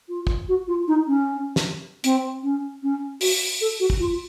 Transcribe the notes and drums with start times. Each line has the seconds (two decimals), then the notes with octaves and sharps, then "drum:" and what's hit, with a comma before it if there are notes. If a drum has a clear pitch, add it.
0.09 F4
0.27 drum: kick
0.49 F#4
0.68 F4
0.88 D#4
1.07 C#4
1.56 drum: snare
2.04 C4, drum: hi-hat
2.43 C#4
2.83 C#4
3.21 F#4, drum: open hi-hat
3.61 A4
3.80 F#4
3.90 drum: kick
4.00 F4